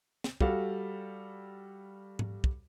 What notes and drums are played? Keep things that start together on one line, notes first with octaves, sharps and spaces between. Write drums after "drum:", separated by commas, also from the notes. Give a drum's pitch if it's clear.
drum: snare
G3 F#4 A4 F5, drum: kick
drum: tom G#2
drum: kick